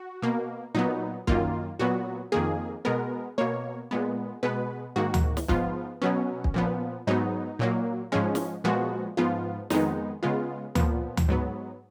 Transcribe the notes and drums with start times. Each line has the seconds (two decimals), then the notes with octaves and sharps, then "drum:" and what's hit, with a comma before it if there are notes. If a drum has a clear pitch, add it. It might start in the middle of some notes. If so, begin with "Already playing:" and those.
Already playing: F#4
0.22 B2 A#3
0.75 A#2 F#3 B3 D#4
1.27 F#2 D#3 A#3 F4, drum: kick
1.79 A#2 F#3 B3 F#4
2.32 F2 D#3 A#3 G#4
2.85 B2 G#3 B3 A#4
3.38 B2 A#3 C#5
3.91 A#2 G#3 B3
4.43 B2 G#3 B3 B4
4.96 G#2 D#3 A#3 F#4
5.14 drum: tom D2
5.37 drum: snare
5.48 G#2 F3 B3 F4, drum: kick
6.02 B2 F#3 B3 C#4
6.44 drum: kick
6.54 A#2 F3 B3
7.07 G#2 F#3 B3 D#4
7.59 A#2 F#3 A#3
8.12 G#2 F3 G#3 C#4
8.35 drum: snare
8.64 A#2 F3 G#3 B3 F#4
9.17 G#2 F3 B3 F4
9.70 F2 D#3 G#3 B3 D#4, drum: snare
10.23 C#3 G#3 B3 F4
10.75 A#2 F3 B3, drum: tom D2
11.17 drum: tom D2
11.29 G#2 F#3 B3